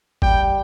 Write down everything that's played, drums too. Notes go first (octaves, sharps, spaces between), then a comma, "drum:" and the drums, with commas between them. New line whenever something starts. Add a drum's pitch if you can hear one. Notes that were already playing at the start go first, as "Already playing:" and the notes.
G3 G5, drum: kick A1